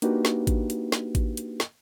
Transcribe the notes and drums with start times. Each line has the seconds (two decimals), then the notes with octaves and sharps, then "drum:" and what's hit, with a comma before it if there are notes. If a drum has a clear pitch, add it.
0.02 A#3 D4 D#4 F#4 G4 B4, drum: hi-hat
0.25 drum: snare
0.47 drum: kick A1, hi-hat
0.70 drum: hi-hat
0.92 drum: snare
1.15 drum: kick A1, hi-hat
1.37 drum: hi-hat
1.60 drum: snare